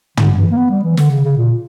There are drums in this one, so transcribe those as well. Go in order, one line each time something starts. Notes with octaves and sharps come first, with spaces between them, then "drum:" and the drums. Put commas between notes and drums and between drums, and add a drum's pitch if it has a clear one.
D3, drum: tom
E3
A#3
B3
G3
E3
D3, drum: snare
C#3
C#3
A#2